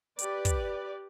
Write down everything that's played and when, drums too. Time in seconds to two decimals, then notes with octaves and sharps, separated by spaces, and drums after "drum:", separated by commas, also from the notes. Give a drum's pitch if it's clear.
0.19 G4 B4 D5, drum: hi-hat
0.45 drum: kick, hi-hat